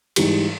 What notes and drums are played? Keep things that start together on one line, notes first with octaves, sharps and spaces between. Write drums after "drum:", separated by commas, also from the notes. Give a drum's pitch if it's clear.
G#2 E3 G3, drum: cymbal